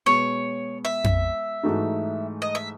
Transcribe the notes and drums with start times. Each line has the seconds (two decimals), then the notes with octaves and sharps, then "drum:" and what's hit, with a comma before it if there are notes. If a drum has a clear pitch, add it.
0.06 B2 G#3 B3 C#5
0.85 E5
1.04 drum: tom F2
1.63 G#2 E3 A3 D#4 F#4
2.42 D#5
2.55 E5